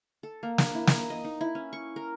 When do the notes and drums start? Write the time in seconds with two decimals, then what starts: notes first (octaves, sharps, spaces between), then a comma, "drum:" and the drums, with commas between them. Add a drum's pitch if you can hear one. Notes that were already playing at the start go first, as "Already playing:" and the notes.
0.23 A4
0.43 A#3
0.58 D4, drum: snare
0.75 E4
0.87 A#5, drum: snare
1.10 D#5
1.25 D#4
1.41 E4
1.55 C#4
1.73 C#6
1.96 A#4